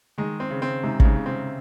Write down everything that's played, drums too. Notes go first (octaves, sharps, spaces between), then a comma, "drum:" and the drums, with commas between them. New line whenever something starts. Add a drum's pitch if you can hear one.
D#3 G#3
C4
C#3
C4
G#2 C3
C#3, drum: kick
G#2
C#3
C4
C#3